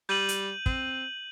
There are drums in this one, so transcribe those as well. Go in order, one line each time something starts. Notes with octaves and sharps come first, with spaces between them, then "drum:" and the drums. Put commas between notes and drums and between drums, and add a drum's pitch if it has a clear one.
G3 G6 D#7 F#7
drum: hi-hat
C4, drum: kick